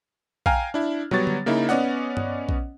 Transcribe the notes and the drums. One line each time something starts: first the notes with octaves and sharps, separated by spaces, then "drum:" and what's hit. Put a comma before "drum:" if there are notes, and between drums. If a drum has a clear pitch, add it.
F5 G5 G#5 A#5 F6, drum: kick A#1
D4 E4
F#3 G3 B3 C#5 A6, drum: tom
drum: tom D3
C#3 A#3 D#4 E4
B3 C#4 D5 D#5 F#5, drum: snare
drum: tom G2
drum: kick A#1